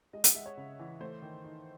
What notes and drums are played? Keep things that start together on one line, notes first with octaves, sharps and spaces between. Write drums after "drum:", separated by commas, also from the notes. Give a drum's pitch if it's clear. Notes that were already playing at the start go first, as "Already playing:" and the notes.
G#3 D#5
F#5, drum: hi-hat
G#3 E5
C#5
C#3
E3
A3 C5
D#3
D#4